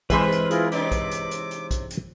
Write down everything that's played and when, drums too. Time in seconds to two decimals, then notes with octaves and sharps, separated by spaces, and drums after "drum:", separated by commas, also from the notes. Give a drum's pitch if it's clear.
0.10 E3 G3 G#3 C4 B4 C5 E5, drum: kick, hi-hat
0.32 drum: hi-hat
0.51 E4 F4 G#4 A#4, drum: hi-hat
0.72 C3 C#4 D#4 D6, drum: hi-hat
0.92 drum: kick, hi-hat
1.11 drum: hi-hat
1.31 drum: hi-hat
1.51 drum: hi-hat
1.71 drum: kick, hi-hat
1.90 drum: hi-hat